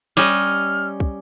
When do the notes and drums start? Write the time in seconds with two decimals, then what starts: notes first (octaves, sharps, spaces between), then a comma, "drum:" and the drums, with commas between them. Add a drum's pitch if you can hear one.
0.17 G3 C#4 D#5 F6, drum: snare
1.00 drum: kick